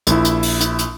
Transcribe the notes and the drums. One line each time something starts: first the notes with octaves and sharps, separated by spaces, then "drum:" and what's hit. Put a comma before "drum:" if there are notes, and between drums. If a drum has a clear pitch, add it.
A#1 E4, drum: hi-hat
drum: hi-hat
drum: open hi-hat
drum: hi-hat
drum: hi-hat